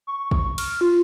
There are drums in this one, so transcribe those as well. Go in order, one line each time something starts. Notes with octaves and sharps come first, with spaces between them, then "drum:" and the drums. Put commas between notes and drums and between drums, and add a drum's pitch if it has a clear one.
C#6
drum: kick
F6, drum: cymbal
F4